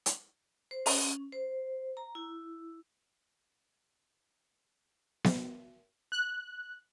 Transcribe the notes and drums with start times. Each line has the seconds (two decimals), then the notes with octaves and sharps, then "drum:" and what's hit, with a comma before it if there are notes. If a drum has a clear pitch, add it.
0.06 drum: hi-hat
0.71 C5
0.86 C#4, drum: open hi-hat
1.32 C5
1.97 A#5
2.15 E4
5.24 drum: snare B3
6.12 F#6